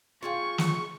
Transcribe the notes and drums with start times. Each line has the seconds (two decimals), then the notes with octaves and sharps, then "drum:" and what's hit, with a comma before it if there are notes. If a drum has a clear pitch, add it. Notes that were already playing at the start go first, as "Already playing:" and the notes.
0.23 F4 G#4 G5 C#6
0.58 drum: snare